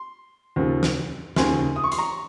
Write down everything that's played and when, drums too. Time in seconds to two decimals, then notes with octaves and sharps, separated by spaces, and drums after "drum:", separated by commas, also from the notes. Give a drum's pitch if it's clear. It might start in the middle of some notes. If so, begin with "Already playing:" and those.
Already playing: C6
0.56 D#2 C#3 F3
0.83 drum: snare
1.36 D#2 C#3 F3 G#5 C6, drum: snare
1.76 D#6
1.84 C#6
1.92 C6, drum: hi-hat
1.98 A#5 C#6